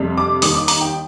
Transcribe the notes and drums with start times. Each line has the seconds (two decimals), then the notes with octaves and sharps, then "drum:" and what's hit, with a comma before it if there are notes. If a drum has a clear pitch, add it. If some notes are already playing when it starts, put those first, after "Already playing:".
Already playing: F2 C3 G3
0.18 D6
0.42 D#2 D#3 G3 D#6, drum: open hi-hat
0.55 D6
0.68 A#5, drum: open hi-hat
0.81 G5